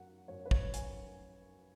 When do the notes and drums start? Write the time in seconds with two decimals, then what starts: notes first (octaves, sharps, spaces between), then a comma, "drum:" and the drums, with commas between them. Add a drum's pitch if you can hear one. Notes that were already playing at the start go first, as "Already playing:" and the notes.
Already playing: F#2 F#3 F#5
0.28 F#2 F#3 C#5
0.45 B4
0.51 C#5, drum: kick
0.74 G#5, drum: hi-hat